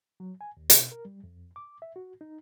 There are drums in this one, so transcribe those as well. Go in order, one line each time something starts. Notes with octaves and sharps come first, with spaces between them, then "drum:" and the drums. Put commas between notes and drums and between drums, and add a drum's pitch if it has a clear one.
F#3
G#5
D#2
B2, drum: hi-hat
A#4
G3
F2
D6
E5
F#4
D#4